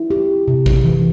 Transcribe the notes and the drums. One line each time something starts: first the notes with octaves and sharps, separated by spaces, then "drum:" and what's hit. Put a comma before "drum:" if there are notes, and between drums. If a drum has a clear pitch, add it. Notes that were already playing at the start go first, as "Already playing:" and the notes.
Already playing: E4
G4
C3
drum: kick
E3